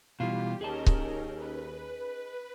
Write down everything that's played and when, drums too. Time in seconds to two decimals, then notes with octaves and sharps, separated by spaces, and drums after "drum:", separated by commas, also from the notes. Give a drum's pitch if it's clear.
0.20 B2 E3 G3 F4 G4
0.61 D#2 C#4 D#4 G#4 A#4 D#5 A5
0.86 drum: kick C#1
1.36 B4